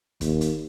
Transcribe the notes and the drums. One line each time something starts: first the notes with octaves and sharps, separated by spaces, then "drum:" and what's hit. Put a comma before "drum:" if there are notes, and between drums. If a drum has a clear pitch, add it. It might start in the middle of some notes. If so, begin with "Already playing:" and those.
D#2, drum: kick, hi-hat
drum: hi-hat